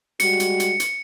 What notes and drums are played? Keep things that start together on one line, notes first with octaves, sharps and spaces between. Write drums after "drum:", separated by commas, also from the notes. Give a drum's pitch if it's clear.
G3 G#3 F#4 C#7, drum: hi-hat
drum: hi-hat
drum: hi-hat
drum: hi-hat